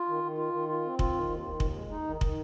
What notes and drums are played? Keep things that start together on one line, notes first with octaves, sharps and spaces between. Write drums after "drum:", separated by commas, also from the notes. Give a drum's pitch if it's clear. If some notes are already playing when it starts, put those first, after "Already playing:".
Already playing: F4
D#3
D#3
F4
D#3
F4
C4
F4, drum: kick
D#3
D#2
D#3
D#2, drum: kick
G#3
D#4
D#3
D#3, drum: kick